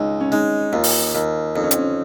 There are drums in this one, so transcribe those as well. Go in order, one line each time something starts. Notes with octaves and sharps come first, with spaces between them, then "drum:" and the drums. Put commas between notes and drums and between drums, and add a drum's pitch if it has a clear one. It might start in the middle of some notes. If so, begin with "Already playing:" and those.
Already playing: C#2 D#4
C#4
G#3 D#4
D#2 F4
drum: open hi-hat
D#2
F2 D#4
C#4
C4, drum: hi-hat
C#4